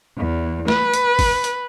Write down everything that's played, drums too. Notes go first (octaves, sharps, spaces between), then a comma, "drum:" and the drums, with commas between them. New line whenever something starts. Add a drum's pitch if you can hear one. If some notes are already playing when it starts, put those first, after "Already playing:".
E2
B4, drum: snare A3
drum: hi-hat
drum: kick G#1, open hi-hat
drum: hi-hat